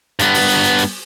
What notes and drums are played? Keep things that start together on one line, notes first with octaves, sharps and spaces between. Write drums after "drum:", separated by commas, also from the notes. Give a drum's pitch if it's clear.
G2 B3, drum: hi-hat
drum: open hi-hat
drum: hi-hat
drum: hi-hat
drum: hi-hat